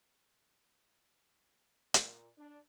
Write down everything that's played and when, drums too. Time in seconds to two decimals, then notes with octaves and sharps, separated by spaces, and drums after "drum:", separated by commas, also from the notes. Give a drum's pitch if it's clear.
1.94 A#2, drum: hi-hat
2.38 D4